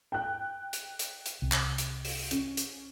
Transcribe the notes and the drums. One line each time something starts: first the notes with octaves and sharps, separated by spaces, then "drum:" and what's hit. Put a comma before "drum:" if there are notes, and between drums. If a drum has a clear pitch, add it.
G5 F#6
drum: hi-hat
drum: hi-hat
drum: hi-hat
C2
drum: clap
drum: hi-hat
drum: open hi-hat
C#4, drum: hi-hat
drum: hi-hat